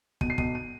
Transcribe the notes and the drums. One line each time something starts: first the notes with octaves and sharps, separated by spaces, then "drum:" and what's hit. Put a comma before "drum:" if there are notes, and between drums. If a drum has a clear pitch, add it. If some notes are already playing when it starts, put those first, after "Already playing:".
B1 D#7, drum: kick
C7
B1 D#7, drum: kick
D#7